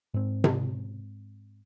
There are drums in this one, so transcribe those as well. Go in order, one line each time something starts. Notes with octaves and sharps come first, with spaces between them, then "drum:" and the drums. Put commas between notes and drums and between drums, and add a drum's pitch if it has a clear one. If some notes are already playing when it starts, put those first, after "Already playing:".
G#2 C4
drum: tom C3